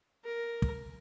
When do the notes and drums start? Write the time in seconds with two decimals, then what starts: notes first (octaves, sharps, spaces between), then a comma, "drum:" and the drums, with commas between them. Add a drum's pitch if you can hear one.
0.25 A#4
0.62 drum: kick